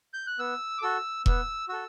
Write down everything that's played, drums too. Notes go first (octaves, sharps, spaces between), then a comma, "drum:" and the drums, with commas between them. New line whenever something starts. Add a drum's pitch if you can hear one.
G6
F#6
B3 E6
D6
F#4 A4 E6
B3 E6, drum: kick E1
F#4 A4 E6